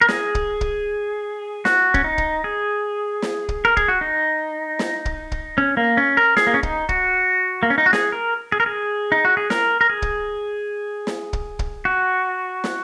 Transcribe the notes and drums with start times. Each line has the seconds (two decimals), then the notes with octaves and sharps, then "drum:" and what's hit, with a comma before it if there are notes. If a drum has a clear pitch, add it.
0.01 A#4
0.09 G#4, drum: snare
0.35 drum: kick
0.61 drum: kick
1.65 F#4, drum: snare
1.94 C#4, drum: kick
2.04 D#4
2.18 drum: kick
2.44 G#4
3.22 drum: snare
3.49 drum: kick
3.65 A#4
3.77 G#4, drum: kick
3.88 F#4
4.01 D#4
4.79 drum: snare
5.05 drum: kick
5.32 drum: kick
5.58 C#4
5.77 A#3
5.97 C#4
6.17 A#4
6.37 G#4, drum: snare
6.47 A#3
6.54 C#4
6.63 D#4, drum: kick
6.89 F#4, drum: kick
7.63 A#3
7.70 C#4
7.78 D#4
7.86 F#4
7.93 G#4, drum: snare
8.12 A#4
8.52 G#4
8.60 A#4
8.66 G#4
9.12 D#4
9.25 F#4
9.37 G#4
9.50 A#4, drum: snare
9.81 A#4
9.90 G#4
10.02 drum: kick
11.07 drum: snare
11.33 drum: kick
11.59 drum: kick
11.85 F#4
12.64 drum: snare